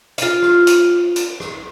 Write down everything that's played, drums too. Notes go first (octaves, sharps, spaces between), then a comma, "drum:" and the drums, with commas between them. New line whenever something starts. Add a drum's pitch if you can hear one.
F4 F5, drum: hi-hat
drum: rim click
drum: hi-hat
drum: hi-hat
drum: rim click